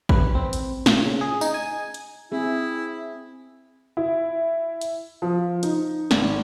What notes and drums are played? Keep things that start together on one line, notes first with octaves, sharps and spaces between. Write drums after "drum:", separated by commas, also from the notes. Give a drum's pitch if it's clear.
B4, drum: kick A1
C4
drum: hi-hat
A#2, drum: snare
C#3
G#4
D#4, drum: tambourine
G#5
drum: hi-hat
C4 E4 G#4
E4
drum: hi-hat
F3
D#4, drum: hi-hat
G#1, drum: snare